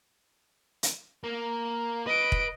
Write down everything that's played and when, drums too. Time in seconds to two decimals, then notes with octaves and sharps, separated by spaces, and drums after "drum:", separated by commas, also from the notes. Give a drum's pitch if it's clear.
0.83 drum: hi-hat
1.24 A#3
2.06 B4 D#5 D7
2.32 drum: kick